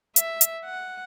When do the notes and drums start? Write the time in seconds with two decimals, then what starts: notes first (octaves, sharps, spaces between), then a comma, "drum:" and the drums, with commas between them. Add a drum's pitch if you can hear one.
0.16 E5, drum: hi-hat
0.41 drum: hi-hat
0.65 F#5